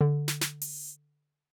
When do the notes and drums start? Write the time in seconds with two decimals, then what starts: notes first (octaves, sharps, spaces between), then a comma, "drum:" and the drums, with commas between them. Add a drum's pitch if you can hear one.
0.01 D3
0.28 drum: snare
0.41 drum: snare
0.61 drum: open hi-hat